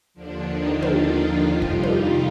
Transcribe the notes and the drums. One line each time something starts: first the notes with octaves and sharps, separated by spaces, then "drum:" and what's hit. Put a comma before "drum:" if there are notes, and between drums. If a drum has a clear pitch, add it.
D#2 D3 F3 D4
D#3 D#4
F3 F4, drum: tom
F3 F4
F2 C3 G3
drum: kick
D#3 D#4, drum: tom